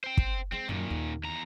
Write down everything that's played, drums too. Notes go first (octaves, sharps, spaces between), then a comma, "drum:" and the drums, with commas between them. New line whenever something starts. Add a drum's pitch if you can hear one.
C5 G5
drum: kick
G#3 C4
F#2 A#2 D#3
D#2
E2 A#5